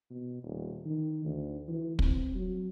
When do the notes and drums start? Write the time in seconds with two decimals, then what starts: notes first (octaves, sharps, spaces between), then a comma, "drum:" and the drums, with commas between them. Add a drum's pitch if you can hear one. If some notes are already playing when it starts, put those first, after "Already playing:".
0.10 B2
0.43 D#1
0.86 D#3
1.25 D2
1.68 E3
1.99 C4, drum: kick
2.35 F#3